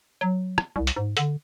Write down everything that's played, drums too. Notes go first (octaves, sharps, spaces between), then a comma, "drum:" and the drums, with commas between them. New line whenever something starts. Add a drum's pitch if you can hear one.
F#3
drum: rim click
C2
drum: hi-hat
G#2
D3, drum: hi-hat